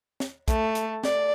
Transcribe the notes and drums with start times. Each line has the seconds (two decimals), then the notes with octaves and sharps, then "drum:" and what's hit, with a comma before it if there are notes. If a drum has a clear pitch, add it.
0.20 drum: snare
0.48 A3, drum: kick, hi-hat
0.75 drum: hi-hat
1.04 D5, drum: snare